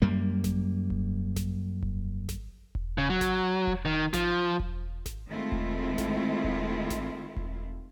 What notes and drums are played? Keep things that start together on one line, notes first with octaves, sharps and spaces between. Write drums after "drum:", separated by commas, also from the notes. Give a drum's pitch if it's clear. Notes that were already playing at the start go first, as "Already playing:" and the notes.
F#2 G3 A#3
drum: snare G#1
drum: kick E1
drum: snare G#1
drum: kick E1
drum: snare G#1
drum: kick E1
C#3
F#3
drum: snare G#1
drum: kick E1
D#3
F3, drum: snare G#1
drum: kick E1
drum: snare G#1
D#3 G#3 A3 C4 E4 F4
drum: kick E1
drum: snare G#1
drum: kick E1
drum: snare G#1
drum: kick E1